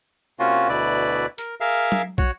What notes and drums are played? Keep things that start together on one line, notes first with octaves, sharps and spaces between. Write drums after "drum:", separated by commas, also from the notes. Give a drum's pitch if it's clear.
C3 A#3 C#4 F4 F#4
D2 B2 E4 B4 D5
A#4, drum: hi-hat
G#4 A#4 E5 F5
drum: tom F#3
F#4 C#5, drum: kick